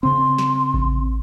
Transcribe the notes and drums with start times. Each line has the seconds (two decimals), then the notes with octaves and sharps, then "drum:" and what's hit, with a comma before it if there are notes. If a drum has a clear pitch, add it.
0.03 C#3 C4 C6
0.38 drum: snare
0.74 drum: kick A1